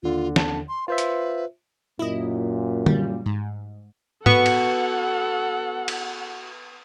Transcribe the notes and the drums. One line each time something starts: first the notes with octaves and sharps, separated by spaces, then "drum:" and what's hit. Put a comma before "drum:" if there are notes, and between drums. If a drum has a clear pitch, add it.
D#2 D3 F4
A5, drum: snare
C6
F4 B4 C5 E5
drum: hi-hat
F#2 A#2 E4 D#5
G3, drum: tom D3
G#2
B3 F#4 A4 F#5 C#6, drum: tom G#2
drum: cymbal
drum: cymbal